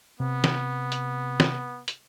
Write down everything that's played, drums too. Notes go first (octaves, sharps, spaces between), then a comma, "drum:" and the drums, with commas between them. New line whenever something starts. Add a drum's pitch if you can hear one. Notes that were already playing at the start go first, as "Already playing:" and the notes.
C3 B3
drum: snare
drum: hi-hat
drum: snare
drum: hi-hat